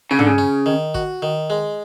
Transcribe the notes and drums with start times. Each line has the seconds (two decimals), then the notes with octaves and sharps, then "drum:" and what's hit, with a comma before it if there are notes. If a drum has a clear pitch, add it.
0.11 C#3 C#4
0.19 D3, drum: tom
0.27 C#3
0.38 C#4
0.66 D#3
0.95 F#4, drum: kick
1.22 D#3
1.50 G#3